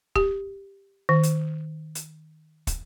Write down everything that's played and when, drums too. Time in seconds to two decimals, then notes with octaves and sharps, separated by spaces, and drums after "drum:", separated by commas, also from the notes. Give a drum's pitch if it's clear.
0.16 G4, drum: kick
1.09 D#3
1.23 drum: hi-hat
1.95 drum: hi-hat
2.67 drum: kick, hi-hat